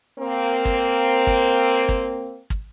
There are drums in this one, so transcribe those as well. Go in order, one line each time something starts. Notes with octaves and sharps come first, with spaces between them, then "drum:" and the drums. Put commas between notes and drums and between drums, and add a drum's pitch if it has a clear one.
A#3 C4
drum: kick
drum: kick
drum: kick
drum: kick